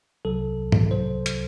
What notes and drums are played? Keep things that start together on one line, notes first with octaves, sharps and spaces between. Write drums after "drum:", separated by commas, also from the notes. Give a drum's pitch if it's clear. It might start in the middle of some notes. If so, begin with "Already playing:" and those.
C2 C3 F#3 A4
drum: tom G#2
C3 F#3 C5
drum: hi-hat